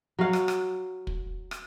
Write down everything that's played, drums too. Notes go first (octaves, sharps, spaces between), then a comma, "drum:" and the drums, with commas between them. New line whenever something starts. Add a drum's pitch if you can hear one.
F#3 C#5 F5 F#5
drum: rim click
drum: rim click
drum: kick
drum: rim click